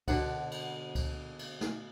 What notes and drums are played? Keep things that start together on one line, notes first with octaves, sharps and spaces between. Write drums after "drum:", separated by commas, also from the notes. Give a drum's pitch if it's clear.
B2 D3 F#5, drum: kick C#2, cymbal
drum: cymbal
drum: kick C#2, cymbal
drum: cymbal
drum: snare